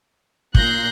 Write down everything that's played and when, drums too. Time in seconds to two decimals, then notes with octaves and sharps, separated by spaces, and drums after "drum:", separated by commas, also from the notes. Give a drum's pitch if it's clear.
0.55 A#2 F#6 G6 A#6 C7, drum: kick